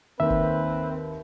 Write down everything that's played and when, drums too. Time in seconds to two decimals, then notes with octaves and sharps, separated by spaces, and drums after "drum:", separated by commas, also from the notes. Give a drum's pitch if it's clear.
0.20 D#2 C4 B4 E5
0.30 drum: kick F#1